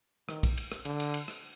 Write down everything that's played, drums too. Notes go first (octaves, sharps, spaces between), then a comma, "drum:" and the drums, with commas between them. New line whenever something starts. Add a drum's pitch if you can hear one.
D#3, drum: rim click
drum: kick, cymbal
drum: cymbal
drum: rim click
D3, drum: cymbal
drum: cymbal
drum: cymbal
drum: rim click